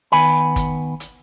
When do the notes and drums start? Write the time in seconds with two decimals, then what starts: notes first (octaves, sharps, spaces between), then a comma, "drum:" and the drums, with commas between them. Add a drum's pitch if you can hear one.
0.12 D#3 B3 G#5 B5, drum: open hi-hat
0.56 drum: kick, hi-hat
1.00 drum: hi-hat